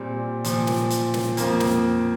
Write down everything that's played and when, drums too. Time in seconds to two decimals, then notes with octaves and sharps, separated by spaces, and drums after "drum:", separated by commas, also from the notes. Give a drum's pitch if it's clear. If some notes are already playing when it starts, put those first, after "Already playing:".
Already playing: A#2 G3 C4
0.44 A#2 F3, drum: hi-hat
0.67 drum: snare
0.90 drum: hi-hat
1.14 drum: snare
1.37 F2 F3 A#3, drum: hi-hat
1.60 drum: snare